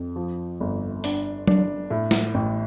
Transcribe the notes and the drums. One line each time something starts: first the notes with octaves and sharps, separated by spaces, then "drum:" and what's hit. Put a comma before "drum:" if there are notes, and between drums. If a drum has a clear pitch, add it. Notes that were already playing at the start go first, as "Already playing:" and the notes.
Already playing: F2
F3
G1
D4, drum: open hi-hat
D4, drum: tom F#3
A2
drum: snare
A1